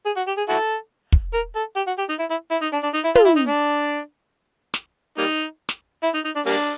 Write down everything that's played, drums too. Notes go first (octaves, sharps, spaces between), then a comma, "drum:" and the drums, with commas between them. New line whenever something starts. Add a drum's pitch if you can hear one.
G#4
F#4
G4
G#4
E4 F#4 A4
drum: kick
A#4
A4
G4
F#4
G4
D#4
E4
E4
E4
D#4
D4
D4
D#4
E4
F4, drum: tom
E4
D#4
D4
drum: snare
G3 A#3 D#4
drum: snare
E4
D#4
D#4
D4
G3 A#3 D4, drum: open hi-hat